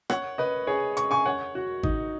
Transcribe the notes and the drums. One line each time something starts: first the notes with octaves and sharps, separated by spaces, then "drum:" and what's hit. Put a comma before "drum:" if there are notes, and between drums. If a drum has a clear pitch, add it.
C#5 F#5, drum: rim click
B4 D#5
G#4 C#5
C#6, drum: hi-hat
G#5 C#6
C#5 F#5
F#4
D#4, drum: kick G#1